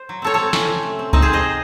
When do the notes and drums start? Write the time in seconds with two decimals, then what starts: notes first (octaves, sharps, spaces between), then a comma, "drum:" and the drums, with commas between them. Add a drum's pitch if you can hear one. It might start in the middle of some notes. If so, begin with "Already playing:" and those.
Already playing: C5
0.09 F#3
0.22 C4 A4 C#5
0.34 C4 A4 C#5
0.53 C3 C#4, drum: snare
0.68 C4
0.83 A3
0.99 C4
1.13 C3 C4 D#4, drum: kick C#2
1.22 G#4 C5
1.28 C3
1.33 C5 D#5
1.43 C3